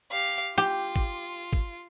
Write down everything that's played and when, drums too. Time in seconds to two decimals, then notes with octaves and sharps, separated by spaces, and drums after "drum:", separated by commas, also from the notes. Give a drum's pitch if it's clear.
0.12 G4 F5
0.58 F4 G4
0.96 drum: kick
1.53 drum: kick